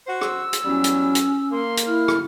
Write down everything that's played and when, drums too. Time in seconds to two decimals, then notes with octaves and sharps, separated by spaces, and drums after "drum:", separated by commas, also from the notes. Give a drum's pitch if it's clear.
0.06 F#4 C5
0.21 E6, drum: rim click
0.53 drum: hi-hat
0.64 E2 F#3 G3 C#4
0.84 drum: hi-hat
1.15 drum: hi-hat
1.52 A#3 C6
1.77 drum: hi-hat
1.87 E4 F6
2.08 drum: rim click